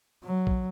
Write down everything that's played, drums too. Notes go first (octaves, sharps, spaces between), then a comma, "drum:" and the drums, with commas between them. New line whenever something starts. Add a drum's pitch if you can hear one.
F#3
drum: kick